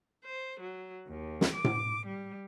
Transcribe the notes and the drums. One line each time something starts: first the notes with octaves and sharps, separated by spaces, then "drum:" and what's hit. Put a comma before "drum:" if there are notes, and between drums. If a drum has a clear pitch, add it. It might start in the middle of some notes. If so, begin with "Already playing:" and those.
C5
F#3
D#2
drum: snare
D6
drum: tom A2
G3